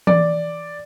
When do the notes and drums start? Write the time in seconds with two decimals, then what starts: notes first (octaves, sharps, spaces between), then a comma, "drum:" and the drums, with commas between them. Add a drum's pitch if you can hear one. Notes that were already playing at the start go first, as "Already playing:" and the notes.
0.07 D5, drum: tom E3